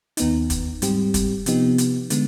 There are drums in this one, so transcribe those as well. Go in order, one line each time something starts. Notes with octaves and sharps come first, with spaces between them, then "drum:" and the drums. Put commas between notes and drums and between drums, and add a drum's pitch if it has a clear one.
D#2 D#3 B3 D#4, drum: hi-hat
drum: kick, hi-hat
G#2 G3 C4 G4, drum: hi-hat
drum: kick, hi-hat
C3 F3 B3 D#4 G4, drum: hi-hat
drum: hi-hat
D3 G#3 B3, drum: hi-hat